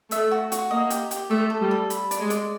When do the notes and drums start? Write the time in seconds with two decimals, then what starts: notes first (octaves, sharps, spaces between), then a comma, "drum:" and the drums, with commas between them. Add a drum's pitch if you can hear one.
0.11 A3 E5, drum: hi-hat
0.31 F#4
0.52 F#4, drum: hi-hat
0.71 A#3 D#5
0.90 G4, drum: hi-hat
1.11 G4, drum: hi-hat
1.31 A3 E5
1.50 A4
1.60 G3
1.71 A4
1.90 B5, drum: hi-hat
2.11 D5, drum: hi-hat
2.20 G#3
2.30 D5, drum: hi-hat